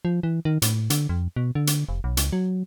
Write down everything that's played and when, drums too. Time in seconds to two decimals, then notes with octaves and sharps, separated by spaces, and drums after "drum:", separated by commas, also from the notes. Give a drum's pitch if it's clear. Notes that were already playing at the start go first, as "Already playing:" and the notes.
0.05 F3
0.23 E3
0.45 D#3
0.62 A2, drum: hi-hat
0.90 D3, drum: hi-hat
1.09 F2
1.36 B2
1.55 D3
1.67 drum: hi-hat
1.89 F1
2.04 B1
2.17 C#2, drum: hi-hat
2.33 F#3